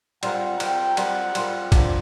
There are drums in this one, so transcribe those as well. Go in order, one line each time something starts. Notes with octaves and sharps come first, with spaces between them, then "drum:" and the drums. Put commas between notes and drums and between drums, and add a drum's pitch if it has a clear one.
G3 C4 F4 A#4 F#5, drum: cymbal
G3 C4 F4 A#4 G5, drum: cymbal
G3 C4 F4 A#4 F#5, drum: cymbal
G3 C4 F4 A#4, drum: cymbal
D3 F3 A#3 D4, drum: kick, cymbal